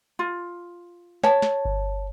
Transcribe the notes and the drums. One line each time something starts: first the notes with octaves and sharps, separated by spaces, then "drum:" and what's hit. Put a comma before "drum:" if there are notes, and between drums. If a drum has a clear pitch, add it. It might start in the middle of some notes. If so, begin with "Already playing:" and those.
F4
C#5 A5, drum: snare
drum: snare
drum: kick G1